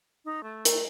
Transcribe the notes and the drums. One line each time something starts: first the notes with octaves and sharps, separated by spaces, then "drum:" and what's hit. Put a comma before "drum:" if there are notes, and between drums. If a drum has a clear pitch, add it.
D#4
A3
A#4, drum: hi-hat